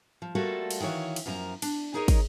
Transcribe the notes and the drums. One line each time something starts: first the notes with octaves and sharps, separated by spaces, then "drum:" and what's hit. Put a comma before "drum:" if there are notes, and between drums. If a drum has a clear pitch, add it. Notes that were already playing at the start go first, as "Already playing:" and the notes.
F3
G3 A3 A#3 F4 F#4 A4
drum: cymbal
D#3 E3 F#4 C#5 F5
drum: cymbal
F#2 F3 A#3 A#5
D4, drum: cymbal
D#4 G#4 A#4 C#5 D#5
drum: kick, cymbal